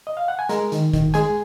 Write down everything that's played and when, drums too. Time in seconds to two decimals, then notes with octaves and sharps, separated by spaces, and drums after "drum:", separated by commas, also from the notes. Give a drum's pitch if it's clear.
0.07 D#5
0.17 F5
0.28 F#5
0.39 G#5
0.49 G#3 A#4 A#5, drum: hi-hat
0.72 D#3, drum: hi-hat
0.93 D#3, drum: kick F#1, hi-hat
1.14 G#3 G#4 G#5, drum: hi-hat